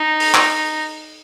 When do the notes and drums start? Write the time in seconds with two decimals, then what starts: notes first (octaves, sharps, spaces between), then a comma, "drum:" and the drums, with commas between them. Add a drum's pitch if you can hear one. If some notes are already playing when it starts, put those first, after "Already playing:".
Already playing: D#4
0.20 drum: open hi-hat
0.34 drum: clap